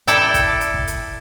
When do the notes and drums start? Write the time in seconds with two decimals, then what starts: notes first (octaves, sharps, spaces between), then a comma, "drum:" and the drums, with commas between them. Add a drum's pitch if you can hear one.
0.07 E4 A4 D5 G5, drum: hi-hat
0.34 drum: kick, hi-hat
0.61 drum: hi-hat
0.74 drum: kick
0.87 drum: hi-hat